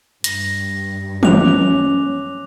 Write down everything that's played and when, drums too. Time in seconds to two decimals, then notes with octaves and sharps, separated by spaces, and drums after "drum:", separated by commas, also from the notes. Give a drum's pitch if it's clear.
0.24 G2 A#6, drum: hi-hat
1.23 C#4 D6 F#6 F7, drum: tom D#3